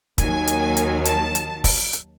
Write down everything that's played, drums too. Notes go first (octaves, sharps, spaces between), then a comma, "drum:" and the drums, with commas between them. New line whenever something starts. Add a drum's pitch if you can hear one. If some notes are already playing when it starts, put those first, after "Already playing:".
D#2 D#3 F#3 G#5, drum: kick, hi-hat
drum: hi-hat
drum: hi-hat
A5, drum: hi-hat
drum: hi-hat
drum: kick, open hi-hat
drum: hi-hat